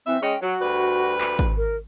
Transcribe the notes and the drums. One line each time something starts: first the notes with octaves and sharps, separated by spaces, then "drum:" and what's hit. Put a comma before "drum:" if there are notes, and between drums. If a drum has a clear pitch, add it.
E3 C4 E5
G#3 C#4 D#5 G5
F#3 F#4
D2 G3 B4
drum: clap
drum: kick
A#4